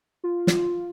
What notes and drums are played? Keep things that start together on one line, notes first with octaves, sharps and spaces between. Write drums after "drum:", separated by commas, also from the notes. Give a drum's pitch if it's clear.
F4
drum: snare